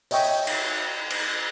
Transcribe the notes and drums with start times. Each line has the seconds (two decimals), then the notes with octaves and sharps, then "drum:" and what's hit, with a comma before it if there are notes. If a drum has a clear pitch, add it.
0.11 C#5 D#5 E5 G5 C#6, drum: open hi-hat
0.47 drum: cymbal
1.10 drum: cymbal